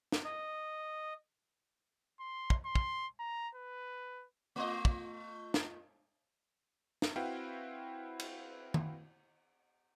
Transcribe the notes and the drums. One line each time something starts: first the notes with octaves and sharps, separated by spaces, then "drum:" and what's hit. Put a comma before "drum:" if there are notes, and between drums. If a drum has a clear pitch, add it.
drum: snare
D#5
C6
drum: kick
C6
drum: kick
A#5
B4
A3 F4 D#5
drum: kick
drum: snare
drum: snare
C4 E4 F#4 B4 F5 G5
drum: cymbal
drum: tom D#3